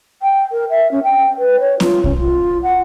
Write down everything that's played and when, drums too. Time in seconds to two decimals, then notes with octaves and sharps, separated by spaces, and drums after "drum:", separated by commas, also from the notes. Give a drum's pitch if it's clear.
0.22 G5
0.52 A#4
0.70 E5
0.91 C#4
1.04 G5
1.38 B4
1.60 C#5
1.80 F4, drum: snare C4
2.04 C#4, drum: kick
2.18 F4
2.63 F#5